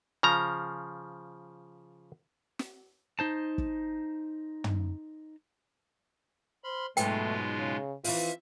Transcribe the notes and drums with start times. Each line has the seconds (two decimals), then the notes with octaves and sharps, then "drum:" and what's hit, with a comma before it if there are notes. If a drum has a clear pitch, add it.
0.23 C#3 F3 A#5
2.59 drum: snare
3.19 D#4 C5 A5
3.58 drum: kick
4.64 drum: tom
6.64 C5 B5 C6 F6
6.97 G#2 B2 F#3 G#3 A3 B3 F4 G5, drum: hi-hat
7.58 C#3
8.04 E3 F3 C4 F4 E5, drum: open hi-hat